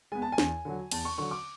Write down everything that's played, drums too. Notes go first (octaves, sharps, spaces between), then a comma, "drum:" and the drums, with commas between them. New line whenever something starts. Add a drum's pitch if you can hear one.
G#3 B3 G#5
A5
G#5
E2, drum: snare
D3 F#3
E2 A5, drum: cymbal
C#6
D3 F#3 C#6
D6